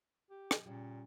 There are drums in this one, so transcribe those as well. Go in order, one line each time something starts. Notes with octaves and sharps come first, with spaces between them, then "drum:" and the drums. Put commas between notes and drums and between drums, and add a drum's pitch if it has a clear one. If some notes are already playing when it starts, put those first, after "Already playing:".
G4
drum: rim click
A#2 C#3 G3